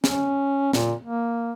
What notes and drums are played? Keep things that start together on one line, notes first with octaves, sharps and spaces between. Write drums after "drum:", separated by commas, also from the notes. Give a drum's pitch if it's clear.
C#4, drum: snare
A#2, drum: snare
A#3